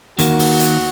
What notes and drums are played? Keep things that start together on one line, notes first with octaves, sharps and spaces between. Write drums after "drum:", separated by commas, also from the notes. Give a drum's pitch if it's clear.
D#2 D#3 A#3 F#4, drum: hi-hat
drum: open hi-hat
drum: hi-hat